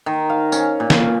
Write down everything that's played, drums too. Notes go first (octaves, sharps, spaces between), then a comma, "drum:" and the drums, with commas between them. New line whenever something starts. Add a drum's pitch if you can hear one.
D#3
F5
C#4, drum: tambourine
A#2
drum: snare